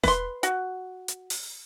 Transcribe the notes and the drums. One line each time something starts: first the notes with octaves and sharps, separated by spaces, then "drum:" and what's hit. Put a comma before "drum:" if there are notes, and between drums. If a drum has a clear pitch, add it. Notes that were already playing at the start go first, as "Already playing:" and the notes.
B4 C6, drum: snare E1
F#4, drum: hi-hat
drum: hi-hat
drum: open hi-hat